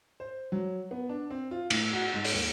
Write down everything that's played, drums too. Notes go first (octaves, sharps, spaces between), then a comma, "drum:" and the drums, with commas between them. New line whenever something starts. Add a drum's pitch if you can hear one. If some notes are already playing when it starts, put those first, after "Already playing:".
C5
F#3
B3
D4
C4
F4
A2, drum: cymbal
F#4
G#2
drum: open hi-hat
D#2